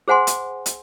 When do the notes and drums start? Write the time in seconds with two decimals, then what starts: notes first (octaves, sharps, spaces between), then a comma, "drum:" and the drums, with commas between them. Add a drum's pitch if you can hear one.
0.08 G#4 C5 F#5 G#5 C6
0.27 drum: hi-hat
0.66 drum: hi-hat